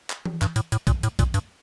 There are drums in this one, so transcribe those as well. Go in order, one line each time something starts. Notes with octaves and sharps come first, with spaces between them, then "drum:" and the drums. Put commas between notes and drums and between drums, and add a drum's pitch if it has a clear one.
drum: clap
drum: tom E3
G2, drum: clap
A2, drum: hi-hat
A2, drum: hi-hat
A#2, drum: kick, hi-hat
A2, drum: hi-hat
A#2, drum: kick, hi-hat
G2, drum: hi-hat